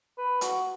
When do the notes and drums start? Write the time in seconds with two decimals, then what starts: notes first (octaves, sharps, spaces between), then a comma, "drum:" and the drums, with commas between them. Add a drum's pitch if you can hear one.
0.18 B4
0.41 F#4, drum: hi-hat